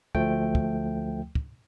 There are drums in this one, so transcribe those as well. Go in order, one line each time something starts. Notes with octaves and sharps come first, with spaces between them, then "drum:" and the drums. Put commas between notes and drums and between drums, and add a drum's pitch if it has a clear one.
D2 F3 A3 G5, drum: kick
drum: kick
drum: kick